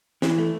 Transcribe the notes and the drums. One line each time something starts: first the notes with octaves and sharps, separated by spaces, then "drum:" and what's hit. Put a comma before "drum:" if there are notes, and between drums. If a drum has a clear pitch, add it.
E3, drum: snare
A3